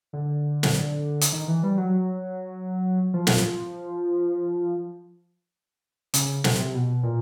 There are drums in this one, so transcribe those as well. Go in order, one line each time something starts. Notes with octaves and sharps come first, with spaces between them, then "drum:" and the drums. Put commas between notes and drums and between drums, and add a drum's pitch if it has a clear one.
D3
drum: snare
drum: hi-hat
D#3
E3
G3
F#3
F3
drum: snare
C#3, drum: hi-hat
C3, drum: snare
B2
A#2